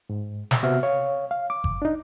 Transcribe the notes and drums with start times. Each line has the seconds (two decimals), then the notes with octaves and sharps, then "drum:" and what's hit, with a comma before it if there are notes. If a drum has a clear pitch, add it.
0.09 G#2
0.51 drum: snare
0.63 C3 B3 C4 F#4 E5 F6
0.83 C#5 F5
1.31 F5
1.50 D6
1.64 drum: kick G1
1.82 D4 D#4